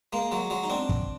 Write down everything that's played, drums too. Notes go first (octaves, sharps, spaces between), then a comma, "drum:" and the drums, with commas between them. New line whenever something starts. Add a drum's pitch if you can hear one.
G#3 A#3
F#3 G#3
F#3 G#3
D#4
C4 D4
drum: kick